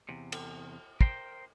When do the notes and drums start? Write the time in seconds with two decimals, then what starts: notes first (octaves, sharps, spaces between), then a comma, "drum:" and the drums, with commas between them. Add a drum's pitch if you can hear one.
0.09 E2 C3
0.32 drum: cymbal
1.01 A#4 C5 G5, drum: kick